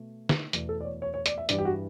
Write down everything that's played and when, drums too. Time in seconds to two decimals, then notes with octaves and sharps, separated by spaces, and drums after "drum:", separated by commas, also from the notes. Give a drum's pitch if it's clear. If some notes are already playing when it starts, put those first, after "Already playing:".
Already playing: B2 A3
0.29 drum: snare
0.53 E2 B2 A3 D5, drum: hi-hat
0.69 A4
0.81 D5
0.85 C#5
1.02 C#5
1.14 C#5
1.26 D5, drum: hi-hat
1.37 E5
1.49 G2 E3 G3 D5, drum: hi-hat
1.59 G4
1.65 F#4